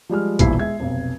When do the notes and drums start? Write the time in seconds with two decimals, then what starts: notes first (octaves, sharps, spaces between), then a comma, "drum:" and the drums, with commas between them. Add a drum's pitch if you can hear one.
0.09 F3 G3 G#3 F6
0.39 E1 A#1 D#2 G3 E4 C7, drum: kick A#1, hi-hat
0.59 G#3 E5 G#6
0.79 F1 B1